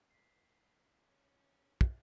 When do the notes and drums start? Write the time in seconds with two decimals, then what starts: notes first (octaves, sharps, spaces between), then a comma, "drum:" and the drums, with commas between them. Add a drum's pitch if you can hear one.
0.10 B6 C7
1.09 C#4
1.81 drum: kick